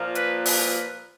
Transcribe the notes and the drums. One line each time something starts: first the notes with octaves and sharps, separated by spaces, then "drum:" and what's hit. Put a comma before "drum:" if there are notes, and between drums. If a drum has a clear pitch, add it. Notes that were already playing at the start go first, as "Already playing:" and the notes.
Already playing: A#2 F3 A#3
B4, drum: hi-hat
B4, drum: open hi-hat